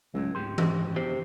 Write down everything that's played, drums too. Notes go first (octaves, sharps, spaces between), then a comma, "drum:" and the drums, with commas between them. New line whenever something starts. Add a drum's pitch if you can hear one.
C#2 A2 F#3
D1 G#2 G4 C6
drum: tom
E2 G4 C5